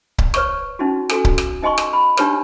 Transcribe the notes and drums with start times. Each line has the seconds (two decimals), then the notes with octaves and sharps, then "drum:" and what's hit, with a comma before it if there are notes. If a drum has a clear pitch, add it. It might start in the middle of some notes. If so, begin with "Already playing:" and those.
0.18 drum: kick C#1
0.34 B4 C#5 D5 C#6, drum: rim click
0.79 C#4 D#4 E4 F#4
1.09 F#4 A4 G#5, drum: rim click
1.25 drum: kick C#1
1.38 drum: rim click
1.62 D#4 D#5 G#5 C6 C#6
1.78 drum: rim click
1.93 B5
2.17 D4 D#4 G4 B4 C#5, drum: rim click